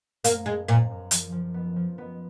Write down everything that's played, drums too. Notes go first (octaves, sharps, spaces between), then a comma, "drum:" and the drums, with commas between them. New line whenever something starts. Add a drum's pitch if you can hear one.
F#2 A#3, drum: hi-hat
G#3 B3
F#2 A#2
F#2
F3, drum: hi-hat
F3
B3
F3
B3